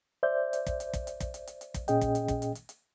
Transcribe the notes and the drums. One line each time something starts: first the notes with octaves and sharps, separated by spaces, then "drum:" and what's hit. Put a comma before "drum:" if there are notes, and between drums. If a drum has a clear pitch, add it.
C5 D5 E5 G6
drum: hi-hat
drum: kick, hi-hat
drum: hi-hat
drum: kick, hi-hat
drum: hi-hat
drum: kick, hi-hat
drum: hi-hat
drum: hi-hat
drum: hi-hat
drum: kick, hi-hat
A#2 C#4 G#4 D#5 G5, drum: hi-hat
drum: kick, hi-hat
drum: hi-hat
drum: kick, hi-hat
drum: hi-hat
drum: hi-hat
drum: hi-hat